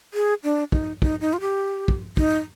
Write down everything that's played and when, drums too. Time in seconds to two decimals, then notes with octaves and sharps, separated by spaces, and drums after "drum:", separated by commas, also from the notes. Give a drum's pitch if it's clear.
0.14 G#4
0.44 D4
0.72 D#4, drum: kick
1.02 D#4, drum: kick
1.21 D#4
1.33 F4
1.41 G4
1.88 drum: kick
2.17 D#4, drum: kick